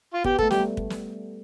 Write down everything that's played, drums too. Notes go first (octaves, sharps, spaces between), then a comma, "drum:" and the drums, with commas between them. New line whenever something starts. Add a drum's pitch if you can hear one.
F4
B3 G4, drum: kick
A3 A4, drum: kick
G3 G4, drum: snare
A3
drum: kick
drum: snare